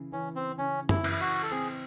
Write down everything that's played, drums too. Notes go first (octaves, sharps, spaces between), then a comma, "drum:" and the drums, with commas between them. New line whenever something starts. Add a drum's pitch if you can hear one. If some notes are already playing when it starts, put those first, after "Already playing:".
Already playing: C#3 E3
E3 C#4
C4
C#3 C#4
E4, drum: tom
E3, drum: cymbal
E4
F#4
A4
C4 G#4